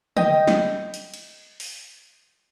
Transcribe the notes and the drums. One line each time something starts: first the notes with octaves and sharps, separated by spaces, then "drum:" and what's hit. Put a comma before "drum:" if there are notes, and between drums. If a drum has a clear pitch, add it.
D#5 G5, drum: tom
drum: snare
drum: hi-hat
drum: cymbal
drum: open hi-hat